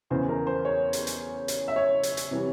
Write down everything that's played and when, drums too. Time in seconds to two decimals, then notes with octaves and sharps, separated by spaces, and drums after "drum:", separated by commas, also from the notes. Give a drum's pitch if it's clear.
0.10 E2 C#3 E3 C5
0.29 A#4
0.47 C5
0.65 C#5
0.93 drum: hi-hat
1.07 drum: hi-hat
1.48 drum: hi-hat
1.68 E5
1.76 C#5
2.03 drum: hi-hat
2.17 drum: hi-hat
2.31 C3 E3 G3